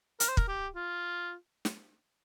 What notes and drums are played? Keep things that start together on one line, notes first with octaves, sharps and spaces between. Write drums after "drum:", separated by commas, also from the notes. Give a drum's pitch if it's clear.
A#4, drum: hi-hat
C5
A#4, drum: kick
G4
F4
drum: snare